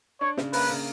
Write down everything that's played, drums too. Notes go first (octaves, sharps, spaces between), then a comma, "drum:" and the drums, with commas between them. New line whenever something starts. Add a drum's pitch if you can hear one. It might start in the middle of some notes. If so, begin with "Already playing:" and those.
D4 C#5
C#3, drum: snare
A#3 B4, drum: open hi-hat
C#3